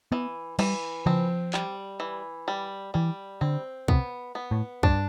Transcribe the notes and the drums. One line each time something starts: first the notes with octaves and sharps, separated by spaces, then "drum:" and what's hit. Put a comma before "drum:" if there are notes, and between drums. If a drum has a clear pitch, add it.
E3 B3
E3 G3, drum: cymbal
F3 C4, drum: tom C#3
G3, drum: clap
E3
G3
E3 G3
D3 C4
C3 B3, drum: kick
B3
A2
G2 D4, drum: kick